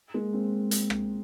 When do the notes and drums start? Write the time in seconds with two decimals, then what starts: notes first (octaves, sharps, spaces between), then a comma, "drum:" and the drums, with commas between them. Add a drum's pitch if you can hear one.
0.14 G#3 A#3
0.33 A#3 C4
0.71 drum: hi-hat
0.90 drum: rim click